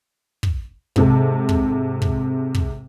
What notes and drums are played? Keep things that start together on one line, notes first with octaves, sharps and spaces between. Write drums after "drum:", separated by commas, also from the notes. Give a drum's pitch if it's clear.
drum: kick
G#2 C3 A4, drum: kick
drum: kick
drum: kick
drum: kick